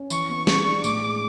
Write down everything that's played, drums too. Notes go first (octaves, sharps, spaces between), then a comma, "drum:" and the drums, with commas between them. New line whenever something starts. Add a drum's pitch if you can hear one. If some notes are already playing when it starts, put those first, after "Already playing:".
Already playing: C#4
E3 C#6, drum: tambourine
B3
G#3 C#6, drum: snare
D4
A2 D6, drum: tambourine
G#3